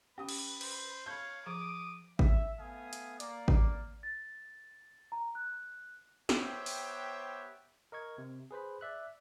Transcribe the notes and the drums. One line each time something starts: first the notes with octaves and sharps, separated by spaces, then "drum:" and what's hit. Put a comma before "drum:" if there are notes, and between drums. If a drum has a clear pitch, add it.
C#4 G4 B4 D#6
drum: cymbal
C5, drum: cymbal
C#5 F5 A5 B5 G6
F3 G#4 A#5 D6 D#6
E5, drum: kick G#1
A3 B3 F5 G#5 D#6
drum: hi-hat
A#3 D5, drum: hi-hat
drum: kick G#1
A6
A#5
F#6
B3 G4 C5 C#5 E5 G5, drum: snare
drum: open hi-hat
A#4 D#5 C#6 G#6
C3
G#4 B4 C5 B5
D5 E5 F#6